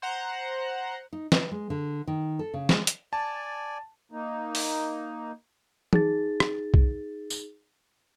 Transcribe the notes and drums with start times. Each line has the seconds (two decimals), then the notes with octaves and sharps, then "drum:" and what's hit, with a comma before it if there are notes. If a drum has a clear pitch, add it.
0.02 C5 F#5 A#5
1.13 D#4
1.32 B4, drum: snare
1.51 G#3
1.70 D3
2.07 D#3
2.39 A4
2.54 C#3
2.69 G#3, drum: snare
2.87 drum: hi-hat
3.13 D5 G#5 A5
4.12 A#3 D#4
4.55 drum: open hi-hat
5.93 D#4 G#4 A6, drum: tom
6.40 drum: rim click
6.74 drum: kick B1
7.30 drum: tambourine